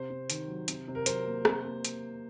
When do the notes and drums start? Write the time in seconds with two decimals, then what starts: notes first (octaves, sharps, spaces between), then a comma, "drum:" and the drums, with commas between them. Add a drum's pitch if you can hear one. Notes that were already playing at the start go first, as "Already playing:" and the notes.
Already playing: C3 C5
0.10 C3
0.30 D#3, drum: hi-hat
0.48 F#3
0.68 C3, drum: hi-hat
0.88 C3
0.95 A#4
1.06 F#3 C5, drum: hi-hat
1.27 A#3
1.45 C3, drum: rim click
1.65 A#3
1.85 drum: hi-hat